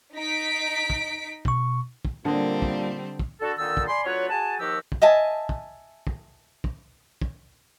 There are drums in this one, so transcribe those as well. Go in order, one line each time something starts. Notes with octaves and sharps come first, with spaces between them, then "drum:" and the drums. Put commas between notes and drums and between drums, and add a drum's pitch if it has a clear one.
D#4 B6 D7
drum: kick
B2 C#6, drum: kick
drum: kick
A#2 D3 G3 A#3 C4 D4 D#5
drum: kick
drum: kick
D3 F#4 A4
A#2 D3 D#3 D#4 A5 E6
drum: kick
D5 G#5 B5 C6
D2 F#3 F4 B4 C#5
F#4 G#4 G#5 A5
D#2 D#3 F3 F#4 G4 E6
drum: kick
D#5 E5 G#5 A5
drum: kick
drum: kick
drum: kick
drum: kick